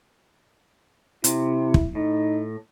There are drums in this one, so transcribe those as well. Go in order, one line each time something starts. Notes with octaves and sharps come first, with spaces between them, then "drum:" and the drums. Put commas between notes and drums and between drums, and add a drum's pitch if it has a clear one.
C3 E4, drum: hi-hat
drum: kick
A2 D#4